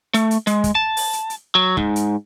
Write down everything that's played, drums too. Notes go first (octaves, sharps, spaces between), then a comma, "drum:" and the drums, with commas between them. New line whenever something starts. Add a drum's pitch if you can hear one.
A3, drum: hi-hat
drum: hi-hat
G#3, drum: hi-hat
drum: kick, hi-hat
A5
drum: open hi-hat
drum: hi-hat
drum: hi-hat
F#3
G#2, drum: kick
drum: hi-hat